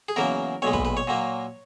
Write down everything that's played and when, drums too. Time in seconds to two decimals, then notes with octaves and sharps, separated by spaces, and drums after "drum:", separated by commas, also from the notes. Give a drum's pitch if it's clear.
0.08 G#4
0.16 E2 C#3 F#3 A#3 A#4
0.62 B1 A#2 G#3 C#5
0.73 B4, drum: kick
0.85 B4
0.97 C#5
1.07 A#2 F#3 A#3